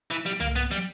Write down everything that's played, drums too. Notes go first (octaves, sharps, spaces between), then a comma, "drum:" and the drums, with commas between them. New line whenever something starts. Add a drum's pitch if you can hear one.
E3
G3, drum: snare
A#3, drum: tom C2
B3
G3, drum: snare